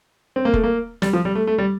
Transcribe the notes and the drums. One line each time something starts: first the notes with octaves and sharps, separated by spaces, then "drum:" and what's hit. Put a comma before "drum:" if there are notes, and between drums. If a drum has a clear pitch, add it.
C4
A#3
A3, drum: kick F1
A#3
G3, drum: snare
F3
G3
A3
A3
G3